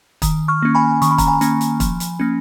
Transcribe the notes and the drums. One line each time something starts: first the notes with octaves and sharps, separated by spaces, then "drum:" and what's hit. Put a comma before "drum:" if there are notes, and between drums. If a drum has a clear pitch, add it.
D#3, drum: kick, hi-hat
C#6 F6
A#3 C#4
G#5 B5
D#3 C#6, drum: hi-hat
B5
A#5, drum: kick, hi-hat
G#5 B5
A#3 C#4, drum: hi-hat
drum: hi-hat
F3, drum: kick, hi-hat
drum: hi-hat
A#3 C#4